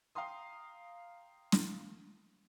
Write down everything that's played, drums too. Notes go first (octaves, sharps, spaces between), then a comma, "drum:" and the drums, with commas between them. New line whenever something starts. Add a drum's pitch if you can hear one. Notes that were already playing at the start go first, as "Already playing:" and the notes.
F5 G5 A#5 C6 D#6
drum: snare